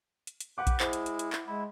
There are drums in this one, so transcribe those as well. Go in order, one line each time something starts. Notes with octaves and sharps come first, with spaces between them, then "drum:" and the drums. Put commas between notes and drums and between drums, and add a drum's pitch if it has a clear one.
drum: hi-hat
drum: hi-hat
G4 B4 F#5 D6
drum: kick, hi-hat
G#3 E4 C5, drum: clap
drum: hi-hat
drum: hi-hat
drum: hi-hat
drum: clap
G#3 E4